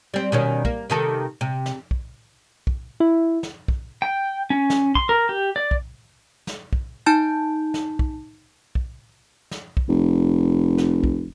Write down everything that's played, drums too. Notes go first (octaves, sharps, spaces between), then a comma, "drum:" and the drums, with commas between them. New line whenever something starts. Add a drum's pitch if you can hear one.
G3 C4
B2 D#3 C#4
A#3, drum: kick
C3 D#3 A4
C3
drum: snare
drum: kick
drum: kick
E4
drum: snare
drum: kick
G5
C#4
drum: snare
C6, drum: kick
A#4
G4
D5
drum: kick
drum: snare
drum: kick
D#4 A5 G6
drum: snare
drum: kick
drum: kick
drum: snare
drum: kick
F1
drum: snare
drum: kick